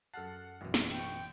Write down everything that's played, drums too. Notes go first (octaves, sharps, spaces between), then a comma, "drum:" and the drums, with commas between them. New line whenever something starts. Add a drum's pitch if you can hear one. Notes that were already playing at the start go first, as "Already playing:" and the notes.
F#2 A4 F#5 A5 F6 C7
A1 F#2 B2
drum: snare
G5 C#6, drum: hi-hat